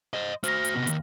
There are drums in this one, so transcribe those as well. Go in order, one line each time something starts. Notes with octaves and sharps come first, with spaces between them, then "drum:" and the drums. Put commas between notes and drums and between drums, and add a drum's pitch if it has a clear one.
C5 D#5
F#4 C5 F6 A#6, drum: hi-hat
drum: hi-hat
C3 B3
D#2, drum: hi-hat